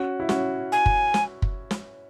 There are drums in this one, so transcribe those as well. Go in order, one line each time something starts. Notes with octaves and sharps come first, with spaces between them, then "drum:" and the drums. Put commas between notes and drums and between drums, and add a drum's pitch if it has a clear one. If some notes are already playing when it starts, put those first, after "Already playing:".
Already playing: C#4 F#4
E4
C#4 F#4, drum: snare
G#5
drum: kick
drum: snare
drum: kick
drum: snare